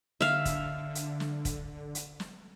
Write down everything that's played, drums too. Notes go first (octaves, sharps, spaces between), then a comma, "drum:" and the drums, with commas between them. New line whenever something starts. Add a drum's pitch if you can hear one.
D3 E5 F5, drum: snare
drum: kick, hi-hat
drum: hi-hat
drum: snare
drum: kick, hi-hat
drum: hi-hat
drum: snare